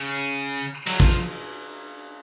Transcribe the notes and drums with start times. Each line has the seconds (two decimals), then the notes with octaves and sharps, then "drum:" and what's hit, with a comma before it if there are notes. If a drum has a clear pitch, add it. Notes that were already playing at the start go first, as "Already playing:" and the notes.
Already playing: C#3
0.86 F#3, drum: cymbal
1.00 F3, drum: kick